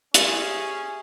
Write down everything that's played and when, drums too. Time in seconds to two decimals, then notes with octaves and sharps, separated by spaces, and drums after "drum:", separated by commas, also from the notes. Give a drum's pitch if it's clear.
0.14 C#4 G4 G#4 E5, drum: hi-hat